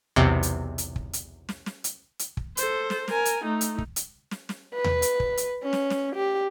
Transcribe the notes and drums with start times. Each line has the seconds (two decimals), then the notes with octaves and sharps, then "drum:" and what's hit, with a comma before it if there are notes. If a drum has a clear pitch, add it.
0.16 B1 E2 C3
0.43 drum: hi-hat
0.78 drum: hi-hat
0.96 drum: kick
1.13 drum: hi-hat
1.49 drum: snare
1.66 drum: snare
1.84 drum: hi-hat
2.19 drum: hi-hat
2.37 drum: kick
2.57 A4 C5, drum: hi-hat
2.90 drum: snare
3.08 A#4 G#5, drum: snare
3.25 drum: hi-hat
3.44 A3 D#4
3.61 drum: hi-hat
3.78 drum: kick
3.96 drum: hi-hat
4.31 drum: snare
4.49 drum: snare
4.74 B4
4.84 drum: tom D#2
5.02 drum: hi-hat
5.20 drum: kick
5.37 drum: hi-hat
5.64 C#4
5.73 drum: snare
5.90 drum: snare
6.16 G4